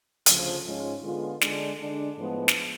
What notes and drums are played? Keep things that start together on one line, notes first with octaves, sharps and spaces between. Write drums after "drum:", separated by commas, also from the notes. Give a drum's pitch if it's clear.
D2 C#3 F3, drum: hi-hat
G#2 G#3 C#4 F4
D3 G#3 B3 F4
D3 G#3 D4, drum: snare
D3 G#3 D4
A2 F3 G#3 B3
drum: snare